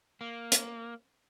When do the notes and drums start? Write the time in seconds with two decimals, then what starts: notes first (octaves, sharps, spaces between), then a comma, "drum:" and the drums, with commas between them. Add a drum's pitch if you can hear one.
0.21 A#3
0.52 drum: hi-hat